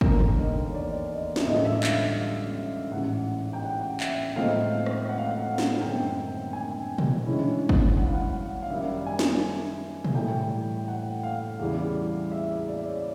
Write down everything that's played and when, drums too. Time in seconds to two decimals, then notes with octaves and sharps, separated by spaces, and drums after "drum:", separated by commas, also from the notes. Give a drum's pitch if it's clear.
0.01 E1 D#2 D3 A#4, drum: kick
0.20 drum: tom G2
0.39 D#5
0.69 C#5
0.75 D5
0.93 D5
1.10 D#5
1.36 E5, drum: snare
1.46 A1 G2 D3 F3 G#3 D#5
1.65 E5
1.76 E5
1.83 F5, drum: clap
2.91 A1 G#2 E3 F#5
3.53 G5
3.64 F#5
4.00 E5, drum: clap
4.36 A2 F3 G#3 C4 D#4 F5
4.86 drum: rim click
5.09 F#5
5.18 F5
5.26 F#5
5.58 drum: snare
5.80 G1 F#2 D#3 G#3 C4 G5
6.53 G#5
6.98 drum: tom A#2
7.26 G2 E3 G#3 C#4 E4
7.69 drum: kick
7.97 F#5
8.06 F5
8.14 F#5
8.62 F5
8.70 F#2 D#3 G3 E5
9.06 G#5
9.19 drum: snare
10.05 drum: tom A#2
10.15 A2 E3 G3 G5
10.88 F#5
11.23 F5
11.59 E2 C#3 E3 G3
12.32 E5
12.68 D5
12.87 C#5